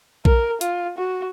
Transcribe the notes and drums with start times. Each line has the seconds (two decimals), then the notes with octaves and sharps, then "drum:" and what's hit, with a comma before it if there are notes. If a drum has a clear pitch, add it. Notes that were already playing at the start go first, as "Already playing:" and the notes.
0.25 A#4, drum: kick A#1
0.61 F4, drum: hi-hat
0.97 F#4